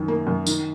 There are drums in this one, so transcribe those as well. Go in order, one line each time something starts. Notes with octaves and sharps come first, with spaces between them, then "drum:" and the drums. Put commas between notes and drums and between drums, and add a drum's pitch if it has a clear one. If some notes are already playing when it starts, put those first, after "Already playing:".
Already playing: F#2 D#3
A#3
F#2
D#3, drum: tambourine